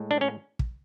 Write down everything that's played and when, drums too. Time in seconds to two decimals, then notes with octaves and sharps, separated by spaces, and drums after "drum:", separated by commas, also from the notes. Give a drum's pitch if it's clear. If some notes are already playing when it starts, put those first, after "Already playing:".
Already playing: A2 G#3
0.11 D4
0.21 C#4
0.59 drum: kick